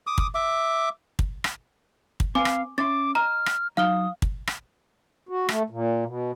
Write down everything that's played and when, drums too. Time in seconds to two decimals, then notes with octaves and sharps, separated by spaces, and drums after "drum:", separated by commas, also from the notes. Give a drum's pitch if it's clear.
0.07 D6 D#6
0.18 drum: kick
0.35 E5 D6
1.19 drum: kick
1.44 drum: rim click
2.20 drum: kick
2.35 C4 B4 F5 G#5 D6
2.45 drum: rim click
2.78 C#4 E5 C6 D6 A6
3.15 D#5 A#5 F6
3.46 drum: rim click
3.77 F#3 D#4 F5 D#6 F6 G7
4.22 drum: kick
4.47 drum: rim click
5.29 F#4
5.49 A3, drum: rim click
5.70 A#2
6.05 B2